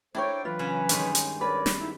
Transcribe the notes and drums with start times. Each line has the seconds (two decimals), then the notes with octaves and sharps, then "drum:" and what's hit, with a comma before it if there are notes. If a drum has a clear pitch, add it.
0.15 D4 E4 A4 A#4 C5 C#5 G5
0.45 E3 F#3 F4 B4
0.59 C#3 C#4 F#5
0.89 G2 D#3 G#3 C#4, drum: hi-hat
1.15 drum: hi-hat
1.41 A#4 B4 C#5 D5
1.66 drum: snare
1.79 B3 D#4 E4